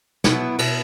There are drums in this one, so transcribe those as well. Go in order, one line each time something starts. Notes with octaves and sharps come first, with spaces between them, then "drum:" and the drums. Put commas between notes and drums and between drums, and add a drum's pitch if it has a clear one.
B2 F#3 B3 E4, drum: snare
B2 B3 E4, drum: cymbal